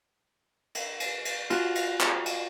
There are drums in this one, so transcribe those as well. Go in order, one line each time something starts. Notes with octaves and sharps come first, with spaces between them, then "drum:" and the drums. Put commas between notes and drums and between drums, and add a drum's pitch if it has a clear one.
drum: cymbal
drum: cymbal
drum: cymbal
F4 F#4, drum: cymbal
drum: cymbal
drum: clap
drum: cymbal